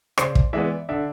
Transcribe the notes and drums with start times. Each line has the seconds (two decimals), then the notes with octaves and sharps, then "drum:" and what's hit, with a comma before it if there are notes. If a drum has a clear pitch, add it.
0.18 C#3 C5 D5, drum: rim click
0.35 drum: kick
0.53 E3 G#3 B3 D5 E5
0.89 D3 D5 E5